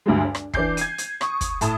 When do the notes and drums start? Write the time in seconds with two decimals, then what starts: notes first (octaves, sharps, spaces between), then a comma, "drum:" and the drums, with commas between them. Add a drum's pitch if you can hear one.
0.06 D2 G2 F#3 G#3
0.25 D4
0.35 drum: rim click
0.54 E3 D4 D6 G6 C7, drum: kick
0.77 G#6 C7 D#7, drum: hi-hat
0.98 drum: hi-hat
1.21 C#6 D#6, drum: rim click
1.41 drum: kick, hi-hat
1.61 A2 A5 D#6, drum: hi-hat